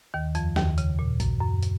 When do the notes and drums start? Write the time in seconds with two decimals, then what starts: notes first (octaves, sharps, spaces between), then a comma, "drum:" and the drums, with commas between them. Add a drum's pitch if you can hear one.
0.14 D#2 D#3
0.35 F2 F3, drum: hi-hat
0.56 D#2 D#3, drum: snare
0.78 C#3, drum: hi-hat
0.99 A#2
1.20 F#2, drum: kick A#1, hi-hat
1.41 F#2
1.63 drum: hi-hat